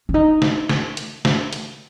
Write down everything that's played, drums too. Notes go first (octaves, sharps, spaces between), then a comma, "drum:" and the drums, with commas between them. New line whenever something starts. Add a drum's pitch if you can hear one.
C#4
D#4
drum: snare
drum: snare
drum: hi-hat
drum: snare
drum: hi-hat